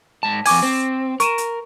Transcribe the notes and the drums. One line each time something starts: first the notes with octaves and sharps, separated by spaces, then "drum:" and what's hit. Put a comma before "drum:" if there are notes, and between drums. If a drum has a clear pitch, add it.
G#2 A5
F2 G#5 C#6 D6 G#6, drum: open hi-hat
C4
A#4 C#6 D#7 E7, drum: hi-hat
drum: hi-hat